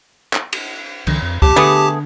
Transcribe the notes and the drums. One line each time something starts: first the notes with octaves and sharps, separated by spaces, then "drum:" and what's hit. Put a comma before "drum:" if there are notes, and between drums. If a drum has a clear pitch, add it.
drum: clap
drum: cymbal
C2 D3 E3, drum: cymbal
F2
B1 E2 G4 A5 D6, drum: kick
D3 A3 B3 D4 G#4